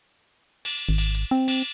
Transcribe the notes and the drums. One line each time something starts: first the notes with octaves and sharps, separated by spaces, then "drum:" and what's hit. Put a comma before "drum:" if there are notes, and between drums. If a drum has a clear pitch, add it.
drum: cymbal
G#1
drum: cymbal
drum: cymbal
C4
drum: cymbal